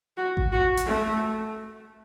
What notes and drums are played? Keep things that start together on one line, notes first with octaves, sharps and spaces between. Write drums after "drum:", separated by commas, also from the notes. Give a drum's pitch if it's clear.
F#4
drum: kick A1
F#4
drum: hi-hat
A3